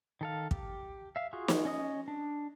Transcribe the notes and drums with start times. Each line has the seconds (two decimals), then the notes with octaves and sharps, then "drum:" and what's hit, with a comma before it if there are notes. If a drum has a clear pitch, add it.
0.21 D#3 A4 F5
0.51 G4, drum: kick
1.16 E5 F5
1.33 F4 F#4 G#4
1.48 drum: snare
1.65 C#4 D#5 D#6
2.08 D4